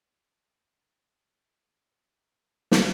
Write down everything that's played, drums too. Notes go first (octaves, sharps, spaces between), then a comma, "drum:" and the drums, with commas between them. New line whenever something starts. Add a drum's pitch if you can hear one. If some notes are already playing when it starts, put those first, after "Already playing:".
G4
E4 B5 E6
F3 G#3 C#4
G#3
drum: snare